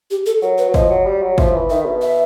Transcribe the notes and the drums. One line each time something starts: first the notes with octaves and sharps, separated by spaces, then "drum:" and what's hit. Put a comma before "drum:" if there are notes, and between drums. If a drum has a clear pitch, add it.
G4
A4
F#3 A#4
B4
F#3
F3 D#5, drum: kick
F#3
G3
F#3
F3 E5, drum: kick
E3
D#3 E5
B2
E5